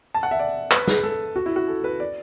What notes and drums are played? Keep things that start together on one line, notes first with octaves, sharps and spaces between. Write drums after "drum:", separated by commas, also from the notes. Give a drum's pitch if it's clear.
A5
F#5
E5
D5
B4, drum: clap
B4, drum: snare G#4
A4
F#4
E4
F#4
A4
B4
D5